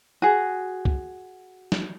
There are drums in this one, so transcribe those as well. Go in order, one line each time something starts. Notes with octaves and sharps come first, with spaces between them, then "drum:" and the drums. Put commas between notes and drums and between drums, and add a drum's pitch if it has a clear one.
F#4 G#4
drum: kick C2
drum: snare